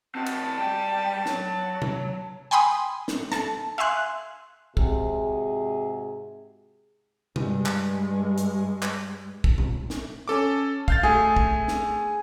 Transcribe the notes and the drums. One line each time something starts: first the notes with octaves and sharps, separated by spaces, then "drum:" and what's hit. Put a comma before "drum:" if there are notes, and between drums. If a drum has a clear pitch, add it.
C4 F#4 A5
drum: cymbal
G3 G5
F#3, drum: snare
drum: tom C3
G5 G#5 B5 C6 D#6
drum: snare
A4 A5, drum: snare
E5 F5 G#5 C6 F#6
G#2 C3 F#4 G#4, drum: kick
G2 G#3, drum: tom C3
drum: clap
drum: hi-hat
drum: clap
drum: kick
drum: tom B2
drum: snare
C#4 A4 D6
F5 G6 A6, drum: kick
A3 G#4
drum: kick
drum: snare